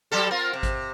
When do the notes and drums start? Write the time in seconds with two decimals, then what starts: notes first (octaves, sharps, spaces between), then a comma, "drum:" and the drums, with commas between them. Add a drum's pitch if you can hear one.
0.11 F#3 G3 A4
0.31 C4 F4 A#4
0.53 C3
0.63 drum: kick G#1, hi-hat